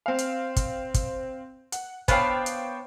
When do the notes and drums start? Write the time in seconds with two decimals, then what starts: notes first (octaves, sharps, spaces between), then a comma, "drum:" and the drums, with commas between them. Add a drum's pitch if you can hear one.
0.06 C4 F5
0.19 drum: hi-hat
0.56 drum: kick, hi-hat
0.94 drum: kick, hi-hat
1.72 F#5, drum: hi-hat
2.08 B3 D4 C5 C#5 F5 G5, drum: kick, hi-hat
2.46 drum: hi-hat